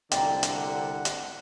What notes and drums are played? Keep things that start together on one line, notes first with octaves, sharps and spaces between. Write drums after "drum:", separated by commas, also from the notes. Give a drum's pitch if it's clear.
C2 D3 D5 G5 A#5, drum: hi-hat
drum: hi-hat
F#5
drum: hi-hat